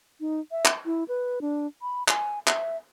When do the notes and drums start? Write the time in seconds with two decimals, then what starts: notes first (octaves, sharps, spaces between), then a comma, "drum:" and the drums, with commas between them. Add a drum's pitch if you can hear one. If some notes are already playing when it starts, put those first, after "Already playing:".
0.20 D#4
0.52 E5
0.65 drum: clap
0.86 E4
1.08 B4
1.41 D4
1.82 B5
2.08 G#5, drum: clap
2.47 E5, drum: clap